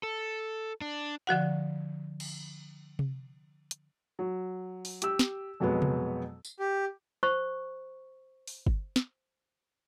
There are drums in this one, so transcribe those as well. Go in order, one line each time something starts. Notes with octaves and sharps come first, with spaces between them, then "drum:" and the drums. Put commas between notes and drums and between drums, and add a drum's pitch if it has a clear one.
A4
D4
D3 F3 F#4 F#5
drum: cymbal
drum: tom C3
drum: hi-hat
F#3
drum: open hi-hat
G4 E6, drum: hi-hat
drum: snare
F2 B2 F#3 G#3 B3
drum: tom C3
drum: tambourine
G4
C5 C#6
drum: open hi-hat
drum: kick G1
drum: snare